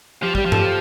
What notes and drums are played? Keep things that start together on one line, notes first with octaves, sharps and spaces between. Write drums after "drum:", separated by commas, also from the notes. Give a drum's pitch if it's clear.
F3 G4
G3 G4, drum: kick
F3
A4, drum: tom G2
G4